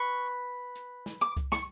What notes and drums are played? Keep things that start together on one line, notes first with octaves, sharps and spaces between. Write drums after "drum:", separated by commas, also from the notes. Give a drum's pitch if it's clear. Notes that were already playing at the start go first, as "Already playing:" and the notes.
Already playing: B4 C#6
drum: hi-hat
drum: snare
D6
drum: kick C2, hi-hat
C#6, drum: snare